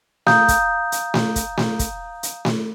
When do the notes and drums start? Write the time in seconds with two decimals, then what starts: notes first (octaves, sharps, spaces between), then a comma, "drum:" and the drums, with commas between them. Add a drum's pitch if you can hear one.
0.27 F5 A#5 D#6 G6, drum: snare A3
0.48 drum: kick, hi-hat
0.92 drum: hi-hat
1.14 drum: snare A3
1.36 drum: kick, hi-hat
1.57 drum: snare A3
1.79 drum: kick, hi-hat
2.23 drum: hi-hat
2.45 drum: snare A3